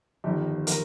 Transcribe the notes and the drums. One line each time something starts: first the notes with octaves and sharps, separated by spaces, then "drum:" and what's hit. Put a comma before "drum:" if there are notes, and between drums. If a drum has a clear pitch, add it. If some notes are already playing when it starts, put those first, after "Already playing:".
G1 F2 D#3 G4
A#4, drum: hi-hat